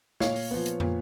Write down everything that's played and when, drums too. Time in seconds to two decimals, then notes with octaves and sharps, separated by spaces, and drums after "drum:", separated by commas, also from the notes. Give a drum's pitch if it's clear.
0.20 A#2 C#5 F5, drum: snare
0.36 drum: open hi-hat
0.51 F3 B3
0.66 drum: hi-hat
0.80 A#2, drum: tom